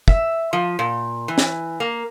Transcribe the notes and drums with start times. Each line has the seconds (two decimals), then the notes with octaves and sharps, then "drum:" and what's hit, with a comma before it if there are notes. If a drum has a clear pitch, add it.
0.08 E5, drum: kick
0.53 F3
0.79 A#2
1.28 E3
1.38 drum: snare
1.80 A#3